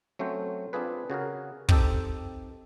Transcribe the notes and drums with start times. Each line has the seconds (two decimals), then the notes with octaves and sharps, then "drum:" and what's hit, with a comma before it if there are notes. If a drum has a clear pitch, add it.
0.19 F#3 A3 C4 C#4 C5
0.73 C4 D4 F4 G#4 B4
1.10 C#3 F#4 G#4 A#4
1.69 C4 D#4 G4 A4, drum: kick